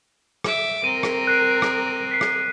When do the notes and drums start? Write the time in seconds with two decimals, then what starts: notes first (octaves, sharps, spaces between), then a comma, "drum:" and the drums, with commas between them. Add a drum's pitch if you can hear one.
0.44 E5 D6, drum: rim click
0.84 C4 A#4 D#7
1.03 drum: rim click
1.27 F#6 C7 D7
1.62 drum: rim click
2.11 B6 C7
2.21 drum: rim click